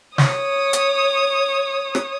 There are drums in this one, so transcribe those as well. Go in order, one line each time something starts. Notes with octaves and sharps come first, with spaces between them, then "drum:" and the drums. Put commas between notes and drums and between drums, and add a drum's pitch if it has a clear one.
C#5 D#6, drum: snare
drum: hi-hat
drum: rim click